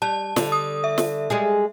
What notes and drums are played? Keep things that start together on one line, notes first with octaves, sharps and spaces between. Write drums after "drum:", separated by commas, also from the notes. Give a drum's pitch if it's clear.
G3 A5
D3 G3, drum: snare
D#6
E5
drum: snare
G3 G#3 G#4